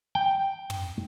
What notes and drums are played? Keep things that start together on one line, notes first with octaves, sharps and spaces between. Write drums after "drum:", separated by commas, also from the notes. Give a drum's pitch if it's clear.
G5
drum: tom